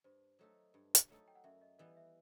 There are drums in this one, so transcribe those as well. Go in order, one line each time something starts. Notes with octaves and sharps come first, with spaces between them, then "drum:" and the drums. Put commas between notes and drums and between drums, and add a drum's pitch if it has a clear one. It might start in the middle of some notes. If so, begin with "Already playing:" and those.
G2 C5
F#3 A3 D#4 A4
G2
drum: hi-hat
F#3 A3 D#4 A4
G5
F#5
F#2 E5
D#5
E3 G3 B3 D#5
E5